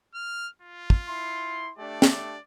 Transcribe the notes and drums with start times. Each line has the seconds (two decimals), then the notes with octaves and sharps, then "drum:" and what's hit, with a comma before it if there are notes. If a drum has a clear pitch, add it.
0.15 F6
0.62 F4
0.90 drum: kick
1.07 E4 C6
1.78 A3 D4 G4 D5
2.02 drum: snare